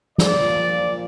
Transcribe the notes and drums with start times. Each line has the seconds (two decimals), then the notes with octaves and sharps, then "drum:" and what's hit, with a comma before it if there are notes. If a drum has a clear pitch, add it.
0.18 A#2 F3 D5, drum: snare